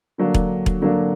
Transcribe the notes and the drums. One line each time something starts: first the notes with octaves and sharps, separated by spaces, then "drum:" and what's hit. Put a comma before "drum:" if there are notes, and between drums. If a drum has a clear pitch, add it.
D3 F#3 A#3 D4
drum: kick E1
drum: kick E1
D3 F#3 A#3 D4